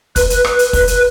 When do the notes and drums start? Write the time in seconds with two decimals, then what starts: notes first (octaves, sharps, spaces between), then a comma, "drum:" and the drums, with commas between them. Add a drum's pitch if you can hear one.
0.16 B4, drum: kick, hi-hat
0.30 drum: hi-hat
0.44 drum: rim click
0.59 drum: hi-hat
0.73 drum: kick, open hi-hat
0.88 drum: hi-hat